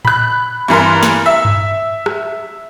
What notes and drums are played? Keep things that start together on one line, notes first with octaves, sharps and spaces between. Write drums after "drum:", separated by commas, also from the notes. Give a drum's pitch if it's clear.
B5 F#6, drum: tom A2
G2 E3 A#4 C6
drum: snare
E5
drum: tom G2
drum: rim click